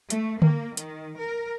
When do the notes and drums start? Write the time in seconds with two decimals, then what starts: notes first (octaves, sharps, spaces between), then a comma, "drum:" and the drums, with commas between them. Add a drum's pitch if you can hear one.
0.10 A3, drum: hi-hat
0.42 A#3, drum: tom D3
0.77 D#3, drum: hi-hat
1.19 A#4